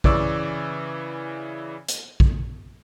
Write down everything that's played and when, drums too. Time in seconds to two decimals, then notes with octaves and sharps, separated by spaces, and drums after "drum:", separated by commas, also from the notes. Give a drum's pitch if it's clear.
0.04 C#3 E3 D5 C#6 D6 E6, drum: kick A#1
1.88 drum: hi-hat
2.20 drum: kick A#1